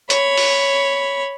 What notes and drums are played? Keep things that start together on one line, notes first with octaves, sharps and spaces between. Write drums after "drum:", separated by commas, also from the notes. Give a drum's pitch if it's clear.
C#5 B5, drum: hi-hat
drum: open hi-hat